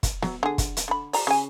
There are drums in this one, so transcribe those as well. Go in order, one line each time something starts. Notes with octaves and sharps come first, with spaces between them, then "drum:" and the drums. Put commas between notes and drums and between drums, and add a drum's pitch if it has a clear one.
drum: kick, hi-hat
F#3, drum: snare B3
D3 G#4
drum: kick, hi-hat
drum: hi-hat
D3 B5
D5 A#5, drum: open hi-hat
C#3 G#5